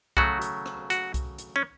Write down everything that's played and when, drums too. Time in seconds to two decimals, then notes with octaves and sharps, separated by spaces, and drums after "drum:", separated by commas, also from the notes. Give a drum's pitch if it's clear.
0.17 C#3 F#3 A3 F#4, drum: kick C2
0.42 drum: hi-hat
0.66 drum: rim click
0.90 F#4, drum: hi-hat
1.14 drum: kick C2, hi-hat
1.38 drum: hi-hat
1.56 C#4